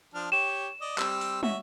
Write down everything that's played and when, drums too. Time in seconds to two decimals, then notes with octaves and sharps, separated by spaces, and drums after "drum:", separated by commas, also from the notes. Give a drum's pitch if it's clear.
0.14 F3 D4 F6
0.32 G4 C#5 E7
0.81 D5 D#5
0.98 G3 C4 E6, drum: clap
1.21 drum: open hi-hat
1.43 C#4 F#4 E5, drum: tom